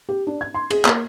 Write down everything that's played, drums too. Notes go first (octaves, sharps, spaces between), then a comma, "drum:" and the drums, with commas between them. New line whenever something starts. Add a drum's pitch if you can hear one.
G4
D4
G#6
C6
G#4, drum: cymbal
A#3, drum: clap